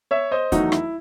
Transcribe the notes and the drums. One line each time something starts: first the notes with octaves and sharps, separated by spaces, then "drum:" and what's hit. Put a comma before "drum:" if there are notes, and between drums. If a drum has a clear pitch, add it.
C#5 E5
C5 D#5
E2 D#3 F#3 A3 D#4 F#4, drum: kick, hi-hat
E4, drum: rim click